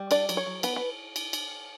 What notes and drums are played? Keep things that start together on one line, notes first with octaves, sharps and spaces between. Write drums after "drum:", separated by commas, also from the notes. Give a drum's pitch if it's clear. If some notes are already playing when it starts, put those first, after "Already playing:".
Already playing: G3
D4 D5, drum: cymbal
F#3, drum: cymbal
C#5
F#3
B3 B4, drum: cymbal
B4
drum: cymbal
drum: cymbal